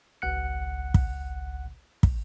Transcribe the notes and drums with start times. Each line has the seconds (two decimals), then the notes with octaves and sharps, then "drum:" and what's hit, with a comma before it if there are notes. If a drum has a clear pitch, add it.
0.22 G#1 C#2 F#5 F#6 C#7
0.94 drum: kick
2.03 drum: kick